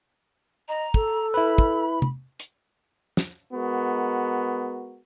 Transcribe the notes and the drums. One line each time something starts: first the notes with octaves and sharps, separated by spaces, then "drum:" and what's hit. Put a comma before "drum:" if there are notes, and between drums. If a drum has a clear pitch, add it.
D#5 A#5
A4, drum: kick
E4 B4 B5
drum: kick
drum: tom
drum: hi-hat
drum: snare
G#3 B3 F#4 A#4